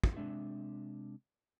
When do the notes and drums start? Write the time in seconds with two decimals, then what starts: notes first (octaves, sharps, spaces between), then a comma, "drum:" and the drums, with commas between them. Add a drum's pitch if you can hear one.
0.04 drum: kick
0.17 C3 G#3 D4 E5